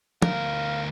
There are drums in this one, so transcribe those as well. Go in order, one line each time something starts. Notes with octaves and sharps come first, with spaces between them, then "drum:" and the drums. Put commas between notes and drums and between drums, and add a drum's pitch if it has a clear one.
D2 A#4 F5, drum: tom